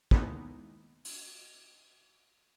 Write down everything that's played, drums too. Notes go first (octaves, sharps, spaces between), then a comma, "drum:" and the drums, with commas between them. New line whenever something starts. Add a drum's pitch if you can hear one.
D#3 G#3 A#3 B3 D#4 E4, drum: kick
drum: open hi-hat